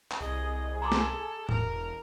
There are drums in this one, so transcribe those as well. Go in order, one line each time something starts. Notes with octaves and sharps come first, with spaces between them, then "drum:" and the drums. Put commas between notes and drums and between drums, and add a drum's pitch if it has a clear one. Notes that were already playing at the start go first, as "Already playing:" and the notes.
drum: clap
C2 G#4 D#5
A4 A#5 C6 D6
drum: snare
E1 A#4, drum: tom